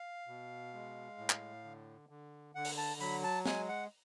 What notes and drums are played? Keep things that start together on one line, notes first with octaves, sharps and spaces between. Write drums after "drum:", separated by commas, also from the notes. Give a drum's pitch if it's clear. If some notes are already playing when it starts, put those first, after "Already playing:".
Already playing: F5
B2
G#3
A2
drum: clap
D3
D3
D3 F#5
drum: open hi-hat
A5
F#3 B5, drum: open hi-hat
A5
G#3 G#5, drum: snare
F#5